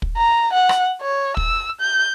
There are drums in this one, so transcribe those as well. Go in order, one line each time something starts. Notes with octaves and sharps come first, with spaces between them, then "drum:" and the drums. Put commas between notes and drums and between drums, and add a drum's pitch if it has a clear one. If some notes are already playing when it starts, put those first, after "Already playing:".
drum: kick
A#5
F#5
drum: rim click
C#5
E6, drum: kick
G6